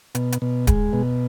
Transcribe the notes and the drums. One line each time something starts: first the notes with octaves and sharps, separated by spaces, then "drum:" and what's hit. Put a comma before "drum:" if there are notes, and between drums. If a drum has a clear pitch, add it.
B2, drum: hi-hat
drum: hi-hat
B2
G#3, drum: kick D1, hi-hat
B2